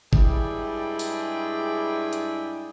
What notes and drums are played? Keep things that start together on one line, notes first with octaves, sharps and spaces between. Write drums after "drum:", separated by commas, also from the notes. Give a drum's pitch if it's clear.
G2 G#3 E4 G#4 D5 G5, drum: kick G1
drum: open hi-hat
drum: hi-hat